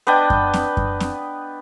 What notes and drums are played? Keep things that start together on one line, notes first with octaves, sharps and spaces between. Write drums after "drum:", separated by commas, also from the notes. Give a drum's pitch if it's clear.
B3 D4 D#5 G5
drum: kick F#2
drum: snare C4
drum: kick F#2
drum: snare C4